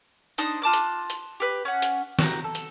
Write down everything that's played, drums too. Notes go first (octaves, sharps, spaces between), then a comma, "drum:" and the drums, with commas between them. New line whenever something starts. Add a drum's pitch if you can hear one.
D4 D#4 C5 D#6, drum: hi-hat
F4 A5 D6 F#6
drum: hi-hat
drum: hi-hat
G4 B4
C#4 F#5
drum: hi-hat
F#4 G4 A#5, drum: snare
A4
drum: hi-hat